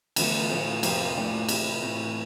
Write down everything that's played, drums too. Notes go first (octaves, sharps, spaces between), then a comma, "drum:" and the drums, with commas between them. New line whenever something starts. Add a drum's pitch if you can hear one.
E2 D3 F3 A3, drum: cymbal
A2 F3 A3
F2 C3 F3 A#3, drum: cymbal
A2 F3 A3 D4
C3 E3 A3, drum: cymbal
A2 E3 A3 C4